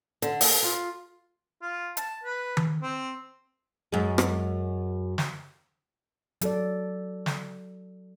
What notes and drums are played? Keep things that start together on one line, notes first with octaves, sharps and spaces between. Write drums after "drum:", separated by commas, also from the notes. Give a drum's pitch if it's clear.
D3, drum: hi-hat
A#3, drum: open hi-hat
F4
F4
A5, drum: hi-hat
B4
drum: tom D#3
C4
F#2 G#3
drum: rim click
drum: snare
F#3 A4 D5, drum: hi-hat
drum: snare